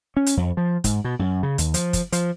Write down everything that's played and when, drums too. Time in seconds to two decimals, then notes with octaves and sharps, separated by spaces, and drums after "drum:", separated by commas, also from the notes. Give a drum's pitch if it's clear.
0.17 C#4
0.26 drum: hi-hat
0.37 F2
0.57 F3
0.84 G#2, drum: kick, hi-hat
1.04 B2
1.19 F#2
1.43 C#3
1.58 D#2, drum: hi-hat
1.74 F3, drum: hi-hat
1.93 drum: kick, hi-hat
2.12 F3, drum: hi-hat